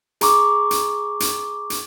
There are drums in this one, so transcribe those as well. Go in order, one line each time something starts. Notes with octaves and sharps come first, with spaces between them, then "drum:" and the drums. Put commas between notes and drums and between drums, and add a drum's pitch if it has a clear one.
G#4 A#5 C#6 D6, drum: hi-hat
drum: hi-hat
drum: hi-hat
drum: hi-hat